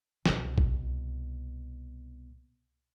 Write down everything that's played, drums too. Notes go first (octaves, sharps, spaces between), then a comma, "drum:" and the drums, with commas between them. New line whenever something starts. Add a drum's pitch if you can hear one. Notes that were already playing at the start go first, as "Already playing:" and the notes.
C2 B2, drum: snare
drum: kick A#1